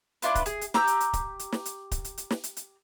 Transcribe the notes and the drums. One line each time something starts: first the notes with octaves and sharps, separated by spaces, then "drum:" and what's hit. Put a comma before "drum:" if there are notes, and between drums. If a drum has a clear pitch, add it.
D4 E4 F4 B4, drum: hi-hat
drum: kick D1, hi-hat
G#4, drum: hi-hat
drum: hi-hat
G4 A#5 E6 G6, drum: snare
drum: hi-hat
drum: hi-hat
drum: kick D1, hi-hat
drum: hi-hat
drum: snare
drum: hi-hat
drum: kick D1, hi-hat
drum: hi-hat
drum: hi-hat
drum: snare
drum: hi-hat
drum: hi-hat